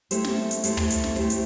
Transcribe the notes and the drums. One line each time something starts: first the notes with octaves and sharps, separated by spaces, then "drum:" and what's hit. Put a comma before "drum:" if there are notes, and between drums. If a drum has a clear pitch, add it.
A3 E4 G4 C5, drum: hi-hat
drum: snare
drum: hi-hat
A3 E4 G4 C5, drum: hi-hat
drum: tom
drum: hi-hat
drum: snare
A3 E4 G4 C5, drum: open hi-hat
drum: hi-hat